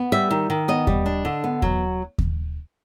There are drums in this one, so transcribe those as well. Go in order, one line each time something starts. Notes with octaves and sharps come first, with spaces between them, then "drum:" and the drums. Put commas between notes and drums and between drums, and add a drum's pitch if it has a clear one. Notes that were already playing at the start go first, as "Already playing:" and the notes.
Already playing: B3
G3 E5
D#3
D#3
B3 D#5
G3, drum: kick D#2
D4
D3
B3
F#3, drum: kick D#2
drum: kick D#2